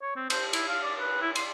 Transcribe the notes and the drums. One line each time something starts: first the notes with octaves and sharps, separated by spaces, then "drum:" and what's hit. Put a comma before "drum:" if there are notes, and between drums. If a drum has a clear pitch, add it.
C#5
C4
C5, drum: cymbal
E4, drum: cymbal
F5
D5
B4
E4
C6, drum: cymbal